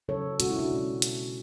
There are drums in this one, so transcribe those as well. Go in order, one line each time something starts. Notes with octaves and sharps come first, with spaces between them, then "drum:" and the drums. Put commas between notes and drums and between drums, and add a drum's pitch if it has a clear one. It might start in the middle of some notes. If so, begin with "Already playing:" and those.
C#3 F#3 C#4 A4 C#5
B2 G#3 C#4 F#4, drum: hi-hat
E4
D4 F#4
B2 G#3 C#4
drum: hi-hat